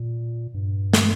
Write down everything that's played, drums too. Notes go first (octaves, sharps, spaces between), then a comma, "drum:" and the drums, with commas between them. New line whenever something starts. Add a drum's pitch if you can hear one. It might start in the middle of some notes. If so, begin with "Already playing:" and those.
Already playing: A#2
G2
drum: snare